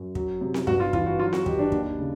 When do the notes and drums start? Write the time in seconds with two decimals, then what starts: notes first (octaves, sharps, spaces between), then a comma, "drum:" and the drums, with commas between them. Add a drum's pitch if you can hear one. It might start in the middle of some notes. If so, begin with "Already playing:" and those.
Already playing: F#2
0.15 F#3, drum: kick
0.41 C3
0.54 drum: snare C4
0.67 G2 F#4, drum: kick
0.80 F4
0.93 E3 F4, drum: kick
1.06 F#4
1.19 F#3 F4
1.33 F#4, drum: snare C4
1.46 D#3 G4, drum: kick
1.59 D4
1.72 D#2, drum: kick
1.98 C#3